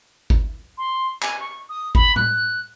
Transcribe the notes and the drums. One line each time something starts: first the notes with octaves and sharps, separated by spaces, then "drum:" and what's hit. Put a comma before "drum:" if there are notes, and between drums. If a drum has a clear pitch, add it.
drum: kick G#1
C6
G#5, drum: clap
C#6
D#6
B5, drum: kick G#1
F#6, drum: tom A2